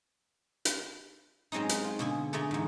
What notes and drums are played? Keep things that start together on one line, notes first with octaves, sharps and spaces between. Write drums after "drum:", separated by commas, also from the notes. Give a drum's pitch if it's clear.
drum: hi-hat
F#3 G#3 C4 C#4 D#4
drum: hi-hat
F4
B2 D3 G#4
D3 A3 G#4 D5 A#5
E2 G#2